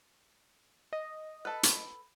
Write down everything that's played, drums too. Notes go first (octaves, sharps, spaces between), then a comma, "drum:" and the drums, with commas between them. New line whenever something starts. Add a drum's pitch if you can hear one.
D#5
A4 B4
drum: hi-hat